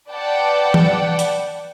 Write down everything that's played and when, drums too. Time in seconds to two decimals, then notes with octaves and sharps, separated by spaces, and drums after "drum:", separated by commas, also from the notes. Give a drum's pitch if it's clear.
0.10 B4 D5 F#5 G5 A5
0.74 drum: tom E3
1.19 drum: hi-hat